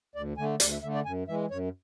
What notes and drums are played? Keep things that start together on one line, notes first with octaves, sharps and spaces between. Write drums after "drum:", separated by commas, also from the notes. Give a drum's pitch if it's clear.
D2 D5
D3 A3 G#5
D2 D5, drum: hi-hat
E5
D3 A3 E5
D5
F#2 G#5
E3 G#3 E5
F#2 C#5